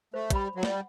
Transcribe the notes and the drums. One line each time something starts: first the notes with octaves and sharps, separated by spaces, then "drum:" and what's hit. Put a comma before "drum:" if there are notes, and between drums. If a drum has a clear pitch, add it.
A3 C5
G3 B5, drum: kick, hi-hat
F#3 F#5
G3, drum: snare